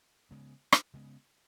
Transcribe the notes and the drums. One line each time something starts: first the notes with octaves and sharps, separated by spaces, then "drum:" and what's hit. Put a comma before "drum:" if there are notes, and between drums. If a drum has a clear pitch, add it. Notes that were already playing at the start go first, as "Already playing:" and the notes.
C#3 G#3 B3
drum: rim click
C#3 G#3 B3